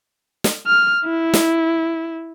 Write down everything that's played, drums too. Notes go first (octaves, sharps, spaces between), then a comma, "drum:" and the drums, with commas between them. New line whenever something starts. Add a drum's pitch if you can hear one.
drum: snare
F6
E4
drum: snare